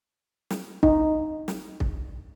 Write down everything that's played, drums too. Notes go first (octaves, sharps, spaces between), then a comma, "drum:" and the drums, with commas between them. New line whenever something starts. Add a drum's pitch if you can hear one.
drum: snare
D#4, drum: kick
drum: snare
drum: kick